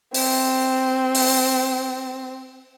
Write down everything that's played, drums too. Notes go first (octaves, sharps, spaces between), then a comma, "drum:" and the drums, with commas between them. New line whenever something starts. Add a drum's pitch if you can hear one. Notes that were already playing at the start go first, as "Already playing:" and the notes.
C4, drum: open hi-hat
drum: open hi-hat